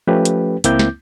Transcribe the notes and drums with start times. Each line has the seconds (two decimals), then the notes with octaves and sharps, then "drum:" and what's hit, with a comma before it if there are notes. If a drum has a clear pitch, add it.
0.07 F3 A3 C#4 G4 B4
0.25 drum: hi-hat
0.64 C#2 A#3 C4 E4 D6 G6, drum: hi-hat
0.79 drum: snare